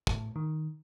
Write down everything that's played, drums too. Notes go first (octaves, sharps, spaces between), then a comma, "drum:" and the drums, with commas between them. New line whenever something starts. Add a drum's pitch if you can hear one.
A2, drum: kick
D#3